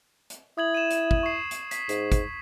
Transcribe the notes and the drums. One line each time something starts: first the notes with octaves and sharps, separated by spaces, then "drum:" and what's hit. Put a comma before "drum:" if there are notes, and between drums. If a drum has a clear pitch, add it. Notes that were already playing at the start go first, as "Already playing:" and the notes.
drum: hi-hat
E4 D#6 G#6 F#7
D#7 E7
drum: hi-hat
drum: kick
C#6 C7
drum: hi-hat
B6, drum: hi-hat
G#2, drum: hi-hat
drum: kick, hi-hat